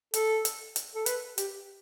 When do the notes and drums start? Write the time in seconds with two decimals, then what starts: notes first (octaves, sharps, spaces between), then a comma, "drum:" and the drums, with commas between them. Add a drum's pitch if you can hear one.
0.14 A4, drum: hi-hat
0.45 drum: hi-hat
0.76 drum: hi-hat
0.95 A4
1.06 B4, drum: hi-hat
1.38 G4, drum: hi-hat